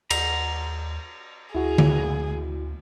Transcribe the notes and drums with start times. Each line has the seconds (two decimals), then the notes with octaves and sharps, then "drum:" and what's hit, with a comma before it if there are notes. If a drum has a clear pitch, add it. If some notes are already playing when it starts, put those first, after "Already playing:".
0.10 D#2 A#5, drum: cymbal
1.55 D2 E4 F#4 G#4
1.78 drum: tom D3